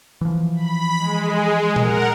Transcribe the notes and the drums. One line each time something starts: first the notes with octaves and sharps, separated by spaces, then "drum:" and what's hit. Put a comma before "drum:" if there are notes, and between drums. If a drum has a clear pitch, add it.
E3 F3
B5
G#3
A#4 F#5, drum: tom A#2